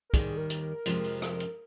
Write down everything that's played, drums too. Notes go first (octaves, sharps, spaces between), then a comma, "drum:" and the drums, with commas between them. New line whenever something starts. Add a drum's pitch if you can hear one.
A#4
D#2 D#3 G3 G#4, drum: kick, hi-hat
A#4
drum: hi-hat
A#4
F2 C3 F3 G#3, drum: hi-hat
drum: open hi-hat
drum: rim click
drum: hi-hat